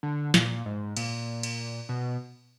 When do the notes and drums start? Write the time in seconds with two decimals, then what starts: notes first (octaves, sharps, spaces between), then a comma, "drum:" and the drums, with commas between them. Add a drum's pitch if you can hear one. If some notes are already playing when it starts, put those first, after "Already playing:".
0.03 D3
0.34 A#2, drum: snare
0.66 G#2
0.97 A#2, drum: cymbal
1.43 drum: cymbal
1.89 B2